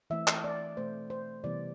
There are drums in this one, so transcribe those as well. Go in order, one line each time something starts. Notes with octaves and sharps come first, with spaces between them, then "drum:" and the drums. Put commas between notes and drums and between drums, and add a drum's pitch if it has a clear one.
E3 A3 C4 E5
drum: clap
D5
B2 A3 C4 C5
C5
C3 E3 G3 B3 D5